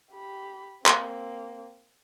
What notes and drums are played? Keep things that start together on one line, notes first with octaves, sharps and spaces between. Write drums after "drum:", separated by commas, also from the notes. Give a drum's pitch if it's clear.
G4 B5
A#3 C4, drum: clap